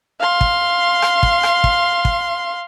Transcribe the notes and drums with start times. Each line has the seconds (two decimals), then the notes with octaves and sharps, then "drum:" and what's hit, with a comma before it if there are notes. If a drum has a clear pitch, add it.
0.20 F5 C6
0.41 drum: kick
1.02 drum: rim click
1.23 drum: kick
1.43 drum: rim click
1.64 drum: kick
2.05 drum: kick